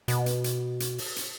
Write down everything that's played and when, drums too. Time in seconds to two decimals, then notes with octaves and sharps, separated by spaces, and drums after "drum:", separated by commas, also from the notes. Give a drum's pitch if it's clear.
0.08 B2, drum: hi-hat
0.26 drum: hi-hat
0.44 drum: hi-hat
0.80 drum: hi-hat
0.98 drum: open hi-hat
1.16 drum: hi-hat